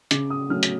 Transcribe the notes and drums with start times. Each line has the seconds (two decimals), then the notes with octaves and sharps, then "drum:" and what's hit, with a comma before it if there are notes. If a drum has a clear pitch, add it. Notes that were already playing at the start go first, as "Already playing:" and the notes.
0.11 C#3 D6, drum: hi-hat
0.30 D#6
0.49 F#3 A3 C#4 F6
0.63 drum: hi-hat